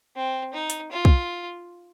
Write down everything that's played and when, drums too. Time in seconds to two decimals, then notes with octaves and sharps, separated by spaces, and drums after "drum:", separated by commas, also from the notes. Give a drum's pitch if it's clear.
0.16 C4
0.54 D#4
0.70 drum: hi-hat
0.92 F4
1.05 drum: kick